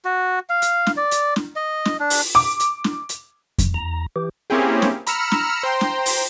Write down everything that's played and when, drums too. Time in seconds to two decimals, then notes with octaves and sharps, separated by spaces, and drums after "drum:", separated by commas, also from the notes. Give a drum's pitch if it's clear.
0.05 F#4
0.50 F5
0.62 drum: hi-hat
0.87 drum: snare
0.97 D5
1.11 drum: hi-hat
1.36 drum: snare
1.56 D#5
1.85 drum: snare
2.00 D4
2.10 drum: open hi-hat
2.35 D6
2.60 drum: hi-hat
2.84 drum: snare
3.09 drum: hi-hat
3.58 drum: kick F2, hi-hat
3.74 E2 A#5
4.16 E3 G4
4.50 A#3 C4 C#4 E4 G4 G#4
4.82 drum: snare
5.07 A#5 B5 E6 F6 C#7 E7, drum: hi-hat
5.31 drum: snare
5.63 C5 G5 A#5 C6
5.81 drum: snare
6.06 drum: open hi-hat